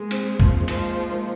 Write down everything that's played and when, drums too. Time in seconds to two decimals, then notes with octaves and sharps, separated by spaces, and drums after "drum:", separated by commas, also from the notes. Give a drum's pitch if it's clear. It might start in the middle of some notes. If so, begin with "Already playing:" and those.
Already playing: G#3 A#3
0.11 C4, drum: cymbal
0.40 F3 A#3, drum: kick
0.61 G#3
0.68 F3 A#3, drum: cymbal
0.97 G#3
1.11 A#3